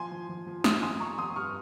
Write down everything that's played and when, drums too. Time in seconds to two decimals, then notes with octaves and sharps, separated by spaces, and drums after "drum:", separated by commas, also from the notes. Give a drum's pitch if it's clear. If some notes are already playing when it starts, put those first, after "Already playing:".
Already playing: F3 G#5 C6
0.11 F3
0.29 F3
0.46 F3
0.64 F3 C6 D#6, drum: snare
0.83 F2 G#5 C6
1.00 C3 A#5 C#6
1.18 F2 C6 D#6
1.36 G2 C#6 F6